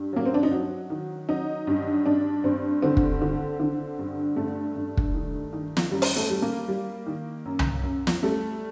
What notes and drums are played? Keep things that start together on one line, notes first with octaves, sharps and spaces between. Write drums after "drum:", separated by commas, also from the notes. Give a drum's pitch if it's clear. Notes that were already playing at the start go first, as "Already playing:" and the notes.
Already playing: G2 G4
F#3 A#3
C4
D4
D#4
F#3 F#4
D#3
F#3 D#4
G2
G2 D4
G2 C4
D3 C4
drum: kick
D3
D3
G2
G2 A3
G2
drum: kick
D#3
D#3
drum: snare
F#2 G3
drum: open hi-hat
A3
G3
A#3
G3
D#3
F#2
drum: tom C2
F#2
drum: snare
G3 A3